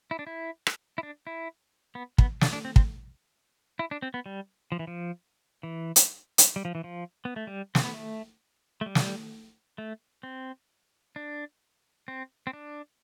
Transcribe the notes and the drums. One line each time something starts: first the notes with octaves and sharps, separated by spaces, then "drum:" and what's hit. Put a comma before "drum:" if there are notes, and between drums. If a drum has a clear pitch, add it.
E4
D4
E4
drum: rim click
E4
D4
E4
B3
B3, drum: kick
D4, drum: snare
D4
C4
C4, drum: kick
E4
D4
C4
B3
G3
F3
E3
F3
E3
drum: hi-hat
drum: hi-hat
G3
F3
E3
F3
B3
A3
G3
C4, drum: snare
B3
A3
A3
G3
drum: snare
A3
C4
D4
C4
C4
D4